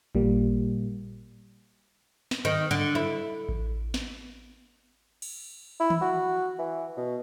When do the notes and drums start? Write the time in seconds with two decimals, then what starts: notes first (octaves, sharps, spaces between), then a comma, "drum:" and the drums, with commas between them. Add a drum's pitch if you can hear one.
0.15 A#2 G3 A#3, drum: kick A1
2.31 drum: snare
2.45 D#3
2.71 D3
2.95 E4
3.49 drum: kick A1
3.94 drum: snare
5.22 drum: cymbal
5.80 E4
5.90 drum: tom D#3
6.02 F#4
6.59 E3
6.97 B2